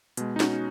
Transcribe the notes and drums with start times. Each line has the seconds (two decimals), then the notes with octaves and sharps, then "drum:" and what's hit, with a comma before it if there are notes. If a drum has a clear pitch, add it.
0.17 B2 G#3, drum: hi-hat
0.36 D#4
0.40 C#4 F#4, drum: snare